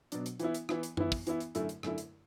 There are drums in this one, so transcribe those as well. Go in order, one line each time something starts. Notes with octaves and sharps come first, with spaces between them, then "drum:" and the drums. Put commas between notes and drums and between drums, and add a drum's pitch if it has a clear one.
B2 F#3 D4, drum: hi-hat
drum: hi-hat
E3 B3 E4, drum: hi-hat
drum: hi-hat
E3 B3 E4, drum: rim click
drum: hi-hat
E3 B3 E4, drum: tom F#2
drum: kick, open hi-hat
E3 B3 E4, drum: hi-hat
drum: hi-hat
F#2 D3 A3 E4, drum: hi-hat
drum: hi-hat
F#2 D3 A3 E4, drum: rim click
drum: hi-hat